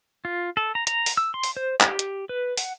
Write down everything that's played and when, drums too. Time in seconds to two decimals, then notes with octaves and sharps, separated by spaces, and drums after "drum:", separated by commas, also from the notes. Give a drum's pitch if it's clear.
0.25 F4
0.57 A4
0.75 A#5
0.87 A#5, drum: hi-hat
1.06 drum: open hi-hat
1.17 E6
1.34 C6
1.43 drum: open hi-hat
1.57 C5
1.81 G4, drum: clap
1.99 drum: hi-hat
2.29 B4
2.57 F#5, drum: open hi-hat